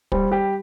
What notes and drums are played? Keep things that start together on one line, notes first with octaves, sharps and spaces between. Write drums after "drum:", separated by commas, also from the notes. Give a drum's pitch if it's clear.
G3 C5, drum: kick
G3 G4